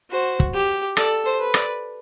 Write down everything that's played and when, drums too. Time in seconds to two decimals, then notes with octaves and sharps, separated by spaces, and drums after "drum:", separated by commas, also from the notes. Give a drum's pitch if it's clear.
0.11 F#4 C5
0.40 drum: kick
0.54 G4
0.97 A4 D5, drum: rim click
1.25 C5
1.40 B4
1.54 D5, drum: rim click